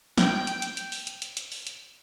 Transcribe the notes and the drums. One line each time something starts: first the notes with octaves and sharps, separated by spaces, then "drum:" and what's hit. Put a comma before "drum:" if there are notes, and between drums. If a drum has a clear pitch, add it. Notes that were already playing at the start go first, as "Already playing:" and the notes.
G5, drum: snare
drum: hi-hat
drum: hi-hat
drum: hi-hat
drum: open hi-hat
drum: hi-hat
drum: hi-hat
drum: hi-hat
drum: open hi-hat
drum: hi-hat